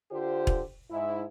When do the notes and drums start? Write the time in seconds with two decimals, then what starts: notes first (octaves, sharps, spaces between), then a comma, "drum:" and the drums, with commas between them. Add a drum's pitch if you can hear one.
0.11 D3 F4 G4 C5
0.47 drum: kick E1
0.90 G#2 E4